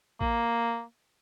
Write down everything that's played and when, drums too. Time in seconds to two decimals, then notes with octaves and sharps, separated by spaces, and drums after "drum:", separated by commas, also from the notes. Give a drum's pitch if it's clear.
0.21 A#3, drum: kick A1